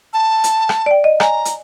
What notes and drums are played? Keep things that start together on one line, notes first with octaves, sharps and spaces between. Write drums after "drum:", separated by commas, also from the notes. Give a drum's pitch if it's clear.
A5
drum: hi-hat
drum: rim click
D5 G5
D#5
G#5 A#5, drum: rim click
drum: hi-hat